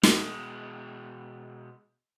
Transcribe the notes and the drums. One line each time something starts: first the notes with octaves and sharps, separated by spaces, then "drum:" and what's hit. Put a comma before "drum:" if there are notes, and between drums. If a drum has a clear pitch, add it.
B2 G#3, drum: snare